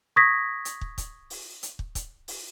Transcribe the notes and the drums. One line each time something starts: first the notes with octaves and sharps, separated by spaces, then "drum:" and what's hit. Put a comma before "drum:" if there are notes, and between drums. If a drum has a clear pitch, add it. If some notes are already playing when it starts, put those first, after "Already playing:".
C#6 D#6 G#6 A#6 B6
drum: hi-hat
drum: kick
drum: kick, hi-hat
drum: open hi-hat
drum: hi-hat
drum: kick
drum: kick, hi-hat
drum: open hi-hat